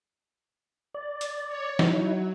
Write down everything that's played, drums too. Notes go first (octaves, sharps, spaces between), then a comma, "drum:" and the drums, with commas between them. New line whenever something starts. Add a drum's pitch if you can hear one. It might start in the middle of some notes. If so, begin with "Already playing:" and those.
D5
drum: hi-hat
C#5
F#3 D#4 E4, drum: snare